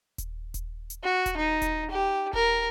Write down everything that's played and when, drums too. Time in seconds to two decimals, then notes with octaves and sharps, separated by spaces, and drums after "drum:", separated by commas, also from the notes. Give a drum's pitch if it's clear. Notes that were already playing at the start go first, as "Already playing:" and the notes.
0.18 drum: kick D#1, hi-hat
0.54 drum: kick D#1, hi-hat
0.90 drum: hi-hat
1.03 F#4
1.26 drum: kick D#1, hi-hat
1.37 D#4
1.62 drum: kick D#1, hi-hat
1.91 G4
2.33 A#4, drum: kick D#1